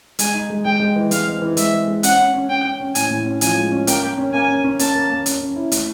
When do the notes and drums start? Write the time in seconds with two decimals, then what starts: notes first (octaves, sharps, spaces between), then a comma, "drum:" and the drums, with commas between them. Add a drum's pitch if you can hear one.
0.19 G#3 G#5, drum: hi-hat
0.34 D#4
0.50 G#3
0.64 G#3 G5
0.80 G#3
0.96 E3
1.11 G#3 F5, drum: hi-hat
1.27 C4
1.42 E3
1.57 G#3 E5, drum: hi-hat
1.73 C4
1.88 G#3
2.03 C#4 F#5, drum: hi-hat
2.19 C#4
2.34 C#4
2.49 C#4 G5
2.65 C#4
2.80 C#4
2.95 A2 G#5, drum: hi-hat
3.10 A2
3.26 C#4
3.41 F3 G#5, drum: hi-hat
3.56 G#3
3.72 C#4
3.87 A#3 G5, drum: hi-hat
4.03 A#3
4.18 C#4
4.34 A#3 G#5
4.49 C#4
4.64 C#4
4.79 A#3 A5, drum: hi-hat
4.95 A#3
5.10 A#3
5.26 C#4, drum: hi-hat
5.41 C#4
5.56 E4
5.72 A3, drum: hi-hat